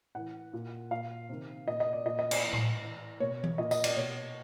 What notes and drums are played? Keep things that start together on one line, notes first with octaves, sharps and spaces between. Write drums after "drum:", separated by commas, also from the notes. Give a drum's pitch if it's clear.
A2 E3 F#5
A#2
A#2 F5
C3 D#3
A#2 D#5
D#5
D5
A#2 D#5
D#5
D5, drum: cymbal
A2 E3
drum: tom A2
A2 E3
B2 C#5
drum: tom E3
A#2 D#5
D#5, drum: tambourine
D5, drum: cymbal
B2 C#5